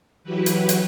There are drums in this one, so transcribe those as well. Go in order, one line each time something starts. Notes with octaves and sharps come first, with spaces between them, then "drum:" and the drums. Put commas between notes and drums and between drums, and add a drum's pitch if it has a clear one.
E3 F#3 E4 F#4 G4 B4
drum: hi-hat
drum: hi-hat